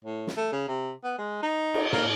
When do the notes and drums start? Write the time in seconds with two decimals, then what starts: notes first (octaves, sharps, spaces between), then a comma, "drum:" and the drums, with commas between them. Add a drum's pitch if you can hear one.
0.05 A2
0.27 drum: snare
0.37 A3
0.52 C#3
0.68 C3
1.04 B3
1.18 G#3
1.42 D#4
1.74 drum: cymbal
1.93 A#3, drum: tom